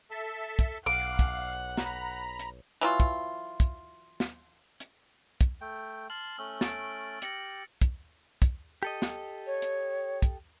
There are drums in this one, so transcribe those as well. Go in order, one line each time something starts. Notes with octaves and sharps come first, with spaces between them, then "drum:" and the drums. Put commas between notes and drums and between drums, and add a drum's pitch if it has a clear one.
A4 E5 A5
drum: kick, hi-hat
B1 F5 F#5 D6
drum: kick, hi-hat
A#5 B5, drum: snare
drum: hi-hat
E3 F#3 F4
drum: kick, hi-hat
drum: kick, hi-hat
drum: snare
drum: hi-hat
drum: kick, hi-hat
A3 G5
A5 C6 F6 F#7
A3 C#4 E6
A6 D7, drum: snare
G4 A#6 C#7 F#7, drum: hi-hat
drum: kick, hi-hat
drum: kick, hi-hat
G4 A4 D#5
drum: snare
C#5
drum: hi-hat
drum: kick, hi-hat